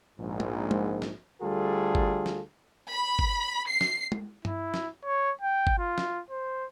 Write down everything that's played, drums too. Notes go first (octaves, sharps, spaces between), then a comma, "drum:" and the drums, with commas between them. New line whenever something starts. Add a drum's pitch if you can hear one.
A#1 G#2
drum: tom
drum: tom
drum: snare
D2 G3 F4 G#4 A4
drum: kick G1
drum: snare
B5
drum: kick G1
C7
drum: snare
drum: tom
E4, drum: tom
drum: snare
C#5
G5
drum: kick G1
F4
drum: snare
C5